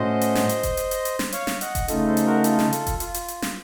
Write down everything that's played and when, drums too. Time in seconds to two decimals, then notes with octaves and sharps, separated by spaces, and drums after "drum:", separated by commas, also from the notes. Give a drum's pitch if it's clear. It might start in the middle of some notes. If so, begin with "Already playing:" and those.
Already playing: A2 A3 C#4 F#4 C5 D#5
0.21 drum: hi-hat
0.35 drum: snare
0.49 drum: hi-hat
0.63 drum: kick F1, hi-hat
0.77 drum: hi-hat
0.91 drum: hi-hat
1.05 drum: hi-hat
1.19 drum: snare
1.32 C#5 F5, drum: hi-hat
1.47 drum: snare
1.61 D#5 F#5, drum: hi-hat
1.75 drum: kick F1, hi-hat
1.88 C#3 A3 D#4 F4 A4, drum: hi-hat
2.07 A4 C5
2.17 drum: hi-hat
2.26 F#4 A#4
2.44 F4 A4, drum: hi-hat
2.59 drum: snare
2.73 drum: hi-hat
2.87 drum: kick F1, hi-hat
3.00 F4, drum: hi-hat
3.14 drum: hi-hat
3.28 drum: hi-hat
3.42 drum: snare